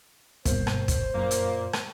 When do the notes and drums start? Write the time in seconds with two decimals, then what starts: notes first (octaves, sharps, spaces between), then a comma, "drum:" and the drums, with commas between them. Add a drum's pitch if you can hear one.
0.45 G2 B2 A#3 C5, drum: kick, hi-hat
0.67 drum: rim click
0.88 drum: kick, hi-hat
1.15 F#2 A#2 A#3
1.31 drum: hi-hat
1.73 drum: rim click